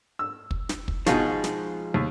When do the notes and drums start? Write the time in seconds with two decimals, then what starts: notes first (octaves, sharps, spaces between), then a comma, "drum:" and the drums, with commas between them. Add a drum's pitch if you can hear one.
0.19 E6
0.51 drum: kick
0.69 drum: snare
0.88 drum: kick
1.06 B2 F3 G#3 D#4 F4 C#6, drum: snare
1.44 drum: snare
1.94 D#2